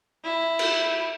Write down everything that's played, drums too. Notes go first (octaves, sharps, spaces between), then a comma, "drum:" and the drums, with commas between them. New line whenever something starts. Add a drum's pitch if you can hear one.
E4
drum: cymbal